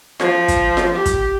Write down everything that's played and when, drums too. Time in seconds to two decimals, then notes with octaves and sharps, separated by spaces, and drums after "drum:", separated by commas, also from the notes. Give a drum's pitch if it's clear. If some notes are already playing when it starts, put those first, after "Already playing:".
0.20 F3, drum: snare F4
0.48 drum: kick, hi-hat
0.77 drum: snare F4
0.95 G4
1.06 drum: kick, hi-hat